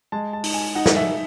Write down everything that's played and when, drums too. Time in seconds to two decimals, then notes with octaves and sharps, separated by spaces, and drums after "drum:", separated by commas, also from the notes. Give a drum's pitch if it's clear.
0.12 G#3 A5
0.33 A5
0.44 D#4, drum: open hi-hat
0.54 G#5
0.75 D#4 F#5
0.86 drum: snare
0.96 E5